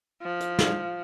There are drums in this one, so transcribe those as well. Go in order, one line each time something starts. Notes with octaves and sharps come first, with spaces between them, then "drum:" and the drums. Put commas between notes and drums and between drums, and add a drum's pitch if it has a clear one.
F3
drum: hi-hat
drum: snare